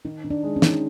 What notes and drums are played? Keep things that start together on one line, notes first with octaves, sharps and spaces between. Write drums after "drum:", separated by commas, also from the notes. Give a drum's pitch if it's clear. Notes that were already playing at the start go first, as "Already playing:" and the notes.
D#3 D#4
D#3
D4
G#3
C#4
D#3, drum: snare